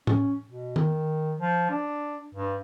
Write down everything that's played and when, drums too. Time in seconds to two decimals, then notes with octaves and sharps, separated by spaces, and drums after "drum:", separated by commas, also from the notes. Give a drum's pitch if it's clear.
0.07 C#4, drum: tom A2
0.46 B2
0.76 D#3, drum: tom D#3
1.39 F3
1.70 D4
2.35 G2